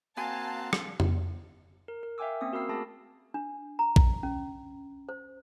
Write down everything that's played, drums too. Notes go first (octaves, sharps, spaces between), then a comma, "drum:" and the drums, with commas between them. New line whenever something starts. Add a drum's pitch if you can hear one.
A#3 C4 F#4 F5 G#5 A5
drum: rim click
drum: tom F2
A#4
A#4
E5 F5 G5 G#5 D6 E6
A#3 C4 C#4 D#6
F#4 A#4 F5 B5 E6 C7
A3 G#4 A5 B5 D6 A#6
D4
A#5
drum: kick A#1
C#4
C5